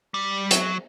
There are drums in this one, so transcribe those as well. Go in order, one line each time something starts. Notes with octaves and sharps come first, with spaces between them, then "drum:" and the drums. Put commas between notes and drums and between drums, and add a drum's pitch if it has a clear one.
G3
F#3, drum: hi-hat